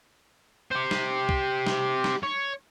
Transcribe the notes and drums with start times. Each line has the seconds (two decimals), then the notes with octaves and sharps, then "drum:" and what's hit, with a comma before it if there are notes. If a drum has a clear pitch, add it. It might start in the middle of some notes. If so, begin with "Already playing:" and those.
0.71 G4 C5
0.91 drum: snare
1.29 drum: kick C2
1.67 drum: snare
2.04 drum: snare
2.23 C#5